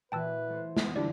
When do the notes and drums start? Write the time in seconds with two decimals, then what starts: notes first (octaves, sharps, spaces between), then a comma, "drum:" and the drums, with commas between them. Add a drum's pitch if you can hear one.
0.12 A#2 E3 F#4 B4 G5 A5 E6
0.50 A3 C5
0.77 B3, drum: snare
0.96 D3 G3 D4 E4 F4 G4 D5